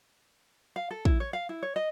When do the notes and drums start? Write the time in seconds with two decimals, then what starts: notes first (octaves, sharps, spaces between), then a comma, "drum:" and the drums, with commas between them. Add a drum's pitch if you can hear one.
0.76 F5
0.91 A4
1.05 E4, drum: kick
1.20 C#5
1.33 F5
1.49 E4
1.63 C#5
1.76 D#5